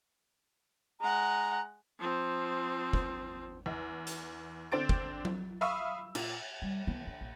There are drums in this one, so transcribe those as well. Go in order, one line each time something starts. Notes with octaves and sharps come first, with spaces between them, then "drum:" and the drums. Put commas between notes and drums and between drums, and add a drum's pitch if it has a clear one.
G#3 F#5 A#5
F3 C4
drum: kick
E2
drum: hi-hat
D3 C4 D4 C5 A6 D7
drum: kick
drum: tom F#3
E5 F5 B5 C#6 D#6 E6
A#2, drum: cymbal
G3
E3 B3
D3
A#1